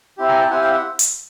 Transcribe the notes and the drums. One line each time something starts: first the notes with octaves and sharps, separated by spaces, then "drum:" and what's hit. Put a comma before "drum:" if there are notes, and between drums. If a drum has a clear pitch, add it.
C4 E4 G4
G#5 A#5
G5 A5
C4 E4 G4 F#5 G#5
F5 G5
E5 F#5
drum: hi-hat